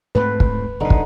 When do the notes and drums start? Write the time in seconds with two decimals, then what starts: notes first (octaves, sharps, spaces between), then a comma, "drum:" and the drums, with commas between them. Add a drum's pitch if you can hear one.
0.15 G#2 A3 C4 B4
0.40 drum: kick
0.80 F#1 B2 D3 D#4
0.90 drum: kick